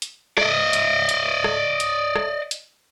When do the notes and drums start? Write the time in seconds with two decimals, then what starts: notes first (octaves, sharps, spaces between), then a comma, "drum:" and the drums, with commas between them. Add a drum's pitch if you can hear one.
0.02 drum: hi-hat
0.38 D5 D#5, drum: rim click
0.73 drum: hi-hat
1.09 drum: hi-hat
1.44 drum: rim click
1.80 drum: hi-hat
2.16 drum: rim click
2.51 drum: hi-hat